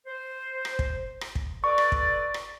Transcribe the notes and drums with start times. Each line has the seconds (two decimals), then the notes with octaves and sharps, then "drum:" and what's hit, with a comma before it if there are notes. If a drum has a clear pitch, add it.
0.06 C5
0.65 drum: rim click
0.79 drum: kick
1.21 drum: rim click
1.35 drum: kick
1.64 A4 B4 D5 C#6
1.78 drum: rim click
1.92 drum: kick
2.34 drum: rim click